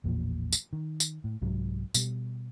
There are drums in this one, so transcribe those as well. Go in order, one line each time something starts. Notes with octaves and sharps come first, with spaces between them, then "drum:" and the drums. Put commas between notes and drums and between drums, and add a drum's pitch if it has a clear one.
A1 E2 A#2 F3
drum: tambourine
D#3
drum: tambourine
A2
C2 G#2 F#3
B2 G3, drum: tambourine